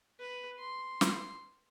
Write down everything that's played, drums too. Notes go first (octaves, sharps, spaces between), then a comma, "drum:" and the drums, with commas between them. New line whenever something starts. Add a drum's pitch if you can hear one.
B4
C6
drum: snare